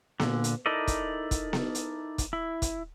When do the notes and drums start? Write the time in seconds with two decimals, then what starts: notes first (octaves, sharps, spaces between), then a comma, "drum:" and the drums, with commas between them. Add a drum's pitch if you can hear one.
0.20 A#2 D3, drum: snare B3
0.44 drum: hi-hat
0.66 D#4 E4 A4 A#4 D5 D#5
0.87 drum: kick, hi-hat
1.31 drum: kick, hi-hat
1.53 drum: snare B3
1.75 drum: hi-hat
2.18 drum: kick, hi-hat
2.33 E4
2.62 drum: kick, hi-hat